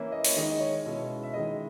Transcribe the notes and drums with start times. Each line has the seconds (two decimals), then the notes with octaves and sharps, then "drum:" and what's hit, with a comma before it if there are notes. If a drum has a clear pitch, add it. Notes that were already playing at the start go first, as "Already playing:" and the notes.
Already playing: E3 A#3 C#4 E4
0.12 D#5
0.25 C#5, drum: open hi-hat
0.36 D#3 G#3 D#4 D#5
0.51 D#5
0.60 C#5
0.85 B2 G#3 C#4 E4
1.23 E5
1.33 D#3 G#3 C#4 E4 D#5